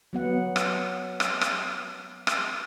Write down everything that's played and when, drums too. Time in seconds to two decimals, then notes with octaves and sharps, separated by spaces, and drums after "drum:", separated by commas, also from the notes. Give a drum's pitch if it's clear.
0.13 F#3 B3 F#5
0.56 drum: rim click
1.20 drum: rim click
1.41 drum: rim click
2.27 drum: rim click